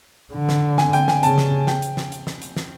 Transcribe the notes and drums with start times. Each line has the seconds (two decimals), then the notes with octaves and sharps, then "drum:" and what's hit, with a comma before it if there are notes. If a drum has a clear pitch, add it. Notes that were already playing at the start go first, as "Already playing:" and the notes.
0.34 D3
0.49 drum: snare
0.78 G#5, drum: snare
0.93 G5, drum: hi-hat
1.08 G#5, drum: snare
1.23 C#3 A5, drum: hi-hat
1.38 drum: snare
1.67 G5, drum: snare
1.82 drum: hi-hat
1.97 drum: snare
2.12 drum: hi-hat
2.27 drum: snare
2.42 drum: hi-hat
2.56 drum: snare